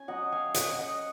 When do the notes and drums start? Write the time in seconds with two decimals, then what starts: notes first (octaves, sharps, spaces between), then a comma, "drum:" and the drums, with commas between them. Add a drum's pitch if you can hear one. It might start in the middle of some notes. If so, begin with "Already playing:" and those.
Already playing: C#4 G#5
0.08 F#3 D#5 F#5
0.32 F5 G#5
0.54 C#4 D#5 F#5, drum: hi-hat
0.78 D#5 F#5